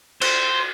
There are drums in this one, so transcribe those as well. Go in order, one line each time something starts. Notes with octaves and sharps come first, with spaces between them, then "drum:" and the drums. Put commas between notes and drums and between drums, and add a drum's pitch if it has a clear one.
C5, drum: cymbal